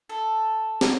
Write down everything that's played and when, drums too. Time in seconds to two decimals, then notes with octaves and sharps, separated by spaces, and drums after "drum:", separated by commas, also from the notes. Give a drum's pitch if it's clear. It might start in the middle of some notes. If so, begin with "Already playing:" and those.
0.09 A4
0.81 drum: snare